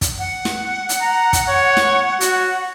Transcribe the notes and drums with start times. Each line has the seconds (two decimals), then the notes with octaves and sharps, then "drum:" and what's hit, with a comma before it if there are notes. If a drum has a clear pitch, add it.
0.01 drum: kick, hi-hat
0.19 F#5
0.45 drum: snare
0.89 drum: hi-hat
1.01 A#5
1.33 drum: kick, hi-hat
1.49 C#5
1.77 drum: snare
2.21 F#4, drum: hi-hat